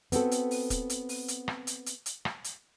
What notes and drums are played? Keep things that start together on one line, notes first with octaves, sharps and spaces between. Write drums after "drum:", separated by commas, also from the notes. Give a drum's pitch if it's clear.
B3 C4 F#4 A4, drum: hi-hat
drum: hi-hat
drum: open hi-hat
drum: kick, hi-hat
drum: hi-hat
drum: open hi-hat
drum: hi-hat
drum: rim click
drum: hi-hat
drum: hi-hat
drum: hi-hat
drum: rim click
drum: hi-hat